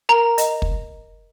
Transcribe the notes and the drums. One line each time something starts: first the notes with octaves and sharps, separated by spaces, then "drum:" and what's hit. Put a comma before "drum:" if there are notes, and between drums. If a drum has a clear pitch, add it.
A#4 A#5
D#5, drum: hi-hat
drum: kick